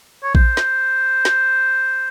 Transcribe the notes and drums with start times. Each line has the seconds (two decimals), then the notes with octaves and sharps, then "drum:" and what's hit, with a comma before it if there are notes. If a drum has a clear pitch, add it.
0.23 C#5
0.35 C5, drum: kick A#1
0.57 drum: snare
1.25 drum: snare